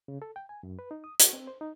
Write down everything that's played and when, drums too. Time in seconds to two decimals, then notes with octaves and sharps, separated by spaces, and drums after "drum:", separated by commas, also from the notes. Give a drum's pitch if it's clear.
0.08 C#3
0.22 A4
0.36 G5
0.49 G#5
0.63 F#2
0.79 B4
0.91 D#4
1.04 D#6
1.20 F#4, drum: hi-hat
1.33 C4
1.47 C5
1.61 D#4